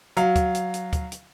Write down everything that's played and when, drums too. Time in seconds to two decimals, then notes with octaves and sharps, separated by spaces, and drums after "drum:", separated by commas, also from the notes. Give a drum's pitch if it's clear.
0.17 F#3 F5, drum: hi-hat
0.36 drum: kick, hi-hat
0.55 drum: hi-hat
0.74 drum: hi-hat
0.93 drum: kick, hi-hat
1.12 drum: hi-hat